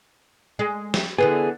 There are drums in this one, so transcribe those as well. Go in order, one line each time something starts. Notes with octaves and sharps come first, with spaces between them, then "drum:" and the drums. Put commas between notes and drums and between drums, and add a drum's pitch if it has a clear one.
G#3
drum: snare
D3 E3 B3 G#4